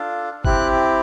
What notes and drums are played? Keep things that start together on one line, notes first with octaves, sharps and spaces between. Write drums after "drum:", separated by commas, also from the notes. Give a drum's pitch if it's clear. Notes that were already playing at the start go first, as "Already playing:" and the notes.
Already playing: D4 F4 A4
C4 E4 G4 F#6, drum: kick G1